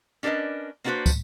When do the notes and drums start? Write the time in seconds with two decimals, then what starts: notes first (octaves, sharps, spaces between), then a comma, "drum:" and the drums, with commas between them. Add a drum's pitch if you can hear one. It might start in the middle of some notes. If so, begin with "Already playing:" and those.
0.23 C#4 D4 A#4 B4 D#5
0.84 A#3 B3 D4 F#4 B4 C5
1.06 drum: kick, tambourine